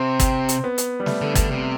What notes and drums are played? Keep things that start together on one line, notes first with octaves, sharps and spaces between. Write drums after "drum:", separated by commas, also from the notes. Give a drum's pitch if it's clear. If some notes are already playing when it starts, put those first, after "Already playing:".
Already playing: C3 C4
drum: kick, hi-hat
drum: hi-hat
B3
drum: hi-hat
G3
A3, drum: snare
D3
D3, drum: kick, hi-hat
C3